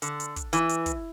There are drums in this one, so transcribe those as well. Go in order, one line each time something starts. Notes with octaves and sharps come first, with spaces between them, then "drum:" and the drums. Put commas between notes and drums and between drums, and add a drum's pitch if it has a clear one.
D3, drum: hi-hat
drum: hi-hat
drum: kick, hi-hat
E3, drum: hi-hat
drum: hi-hat
drum: kick, hi-hat